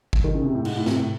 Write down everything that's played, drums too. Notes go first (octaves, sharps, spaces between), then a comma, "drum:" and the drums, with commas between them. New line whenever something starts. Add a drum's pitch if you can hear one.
drum: kick G1
D#3
C#3
C3
A2
G#2, drum: cymbal
A2
C3, drum: snare
A2